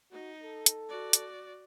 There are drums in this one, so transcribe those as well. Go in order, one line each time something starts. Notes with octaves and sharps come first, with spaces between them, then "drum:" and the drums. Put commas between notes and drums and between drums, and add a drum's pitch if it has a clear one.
D#4 F#4
A4
drum: hi-hat
F#4 D5
drum: hi-hat